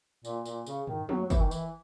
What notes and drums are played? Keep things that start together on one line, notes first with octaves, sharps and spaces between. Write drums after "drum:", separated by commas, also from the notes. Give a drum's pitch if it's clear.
A#2, drum: tambourine
A#2, drum: tambourine
C#3, drum: tambourine
D#3, drum: tom
F#3, drum: tom
F#3
E3, drum: kick, tambourine
D#3
E3, drum: tambourine